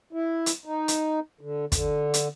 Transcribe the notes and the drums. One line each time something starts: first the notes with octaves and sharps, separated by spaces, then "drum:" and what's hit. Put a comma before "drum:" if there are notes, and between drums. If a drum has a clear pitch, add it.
E4
drum: hi-hat
D#4
drum: hi-hat
D3
D3, drum: kick, hi-hat
drum: hi-hat